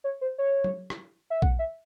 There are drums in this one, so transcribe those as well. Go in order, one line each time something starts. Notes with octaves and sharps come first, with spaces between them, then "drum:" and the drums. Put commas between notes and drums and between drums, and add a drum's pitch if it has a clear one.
C#5
C5
C#5
drum: tom
drum: rim click
E5
F#5, drum: kick A#1
E5